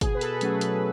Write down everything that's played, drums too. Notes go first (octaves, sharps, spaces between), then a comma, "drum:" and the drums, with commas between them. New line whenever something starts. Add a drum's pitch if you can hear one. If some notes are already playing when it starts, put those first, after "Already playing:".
B2 G#4, drum: kick, hi-hat
B4
A4, drum: hi-hat
F#3 A3 C#4 G#4, drum: hi-hat
B4, drum: hi-hat